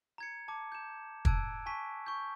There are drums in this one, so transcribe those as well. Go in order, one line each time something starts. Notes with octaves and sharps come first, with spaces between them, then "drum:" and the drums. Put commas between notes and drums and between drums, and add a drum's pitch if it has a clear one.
A#5 G#6 C#7
A5 D6
G6 E7
A5 E6 F#6 G#6 D7, drum: kick
G#5 A5 C#6 B6
C#6 G6